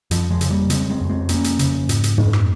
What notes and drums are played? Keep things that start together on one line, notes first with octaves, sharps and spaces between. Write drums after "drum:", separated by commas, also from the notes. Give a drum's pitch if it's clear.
F2 F3, drum: hi-hat
F3 G#3
C#3, drum: hi-hat
G3 A#3
C#3 G#3 C4, drum: hi-hat
G#3 C4
F2
G#3 C4
F2 A#3 C#4, drum: hi-hat
drum: hi-hat
C#3, drum: hi-hat
G#2, drum: hi-hat
drum: hi-hat
G#2, drum: tom
drum: rim click